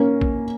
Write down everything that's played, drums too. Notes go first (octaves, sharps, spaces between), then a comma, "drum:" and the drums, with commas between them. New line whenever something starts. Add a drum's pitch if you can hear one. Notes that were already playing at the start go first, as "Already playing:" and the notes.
Already playing: A#3 C#4
drum: kick A#1